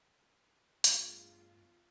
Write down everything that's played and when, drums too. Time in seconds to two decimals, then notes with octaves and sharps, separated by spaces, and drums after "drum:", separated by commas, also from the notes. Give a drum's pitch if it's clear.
0.84 E2 G2 A3 B3 D4 F4 G#4 F5, drum: hi-hat